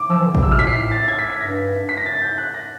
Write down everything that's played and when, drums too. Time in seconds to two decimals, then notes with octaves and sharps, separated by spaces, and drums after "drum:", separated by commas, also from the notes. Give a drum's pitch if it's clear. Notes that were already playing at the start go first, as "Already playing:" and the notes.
Already playing: D6
0.10 F3 E6
0.19 E3
0.26 D3
0.35 C#3, drum: kick
0.42 C3 E6
0.51 B2 F6
0.59 A2 B6
0.67 A#2 C7
0.75 A2 B6
0.91 A6
1.08 G#6
1.18 B6
1.30 B6
1.40 G2 A#6
1.89 B6
1.97 A#6
2.06 A6
2.22 G6
2.38 F#6
2.54 A#6